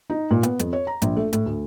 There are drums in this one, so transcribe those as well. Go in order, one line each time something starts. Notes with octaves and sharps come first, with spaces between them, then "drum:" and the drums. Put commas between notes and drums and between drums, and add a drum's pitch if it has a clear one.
D#4
A#2
B3, drum: hi-hat
F2, drum: hi-hat
C#5
A#5
A#1, drum: hi-hat
A3
A2, drum: hi-hat
D2